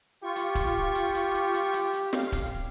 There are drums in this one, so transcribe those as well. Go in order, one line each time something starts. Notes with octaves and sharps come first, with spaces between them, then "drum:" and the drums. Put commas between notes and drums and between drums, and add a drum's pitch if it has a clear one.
F4 G4 C#6
drum: hi-hat
drum: kick, hi-hat
drum: hi-hat
drum: hi-hat
drum: hi-hat
drum: hi-hat
drum: hi-hat
drum: hi-hat
F5, drum: snare
drum: kick, hi-hat